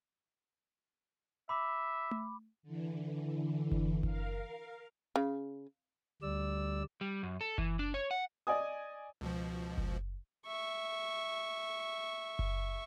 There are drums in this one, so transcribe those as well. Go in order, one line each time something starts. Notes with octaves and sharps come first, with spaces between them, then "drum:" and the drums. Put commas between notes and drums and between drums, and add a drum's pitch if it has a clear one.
E5 B5 D6
drum: tom A3
D3 E3
drum: kick F#1
A#4 F5, drum: kick F#1
C#3
D2 G3 D5 E6
G3
F#2
A4
E3, drum: kick F#1
D4
C#5
F#5
D5 D#5 G#5 D#6
C#2 B2 F3
drum: kick F#1
E5 C#6
drum: kick F#1